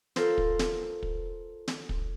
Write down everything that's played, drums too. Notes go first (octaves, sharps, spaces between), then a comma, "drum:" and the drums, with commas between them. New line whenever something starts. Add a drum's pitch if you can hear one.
F4 A4 A#4 C5, drum: snare
drum: kick
drum: snare
drum: kick
drum: snare
drum: kick